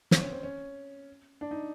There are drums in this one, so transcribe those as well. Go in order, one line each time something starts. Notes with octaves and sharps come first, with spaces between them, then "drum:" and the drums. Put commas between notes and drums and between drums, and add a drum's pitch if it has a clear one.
C4, drum: snare
C#4
C4
C#4
D4
D#4